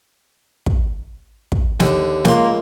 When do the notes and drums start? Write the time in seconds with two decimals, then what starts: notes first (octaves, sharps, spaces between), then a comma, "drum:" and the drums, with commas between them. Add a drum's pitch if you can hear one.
0.66 drum: kick
1.52 drum: kick
1.80 D#2 D3, drum: snare
2.25 C#2 A#3 C6, drum: snare